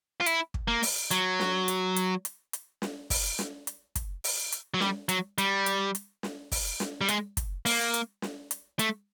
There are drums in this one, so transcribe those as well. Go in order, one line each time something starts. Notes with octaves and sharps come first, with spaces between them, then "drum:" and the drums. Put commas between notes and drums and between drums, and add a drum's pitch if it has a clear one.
F4
E4, drum: hi-hat
drum: kick
A#3
drum: open hi-hat
F#3, drum: hi-hat
drum: snare
drum: hi-hat
drum: hi-hat
drum: hi-hat
drum: hi-hat
drum: snare
drum: kick, open hi-hat
drum: snare
drum: hi-hat
drum: kick, hi-hat
drum: open hi-hat
drum: hi-hat
F#3
G3, drum: snare
F#3, drum: hi-hat
G3, drum: hi-hat
drum: hi-hat
drum: hi-hat
drum: snare
drum: kick, open hi-hat
drum: snare
G3
G#3, drum: hi-hat
drum: kick, hi-hat
A#3, drum: open hi-hat
drum: hi-hat
drum: snare
drum: hi-hat
A3, drum: hi-hat